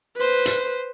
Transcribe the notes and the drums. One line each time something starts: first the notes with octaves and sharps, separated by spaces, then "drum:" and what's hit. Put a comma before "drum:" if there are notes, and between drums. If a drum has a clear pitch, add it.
B4 C5
drum: hi-hat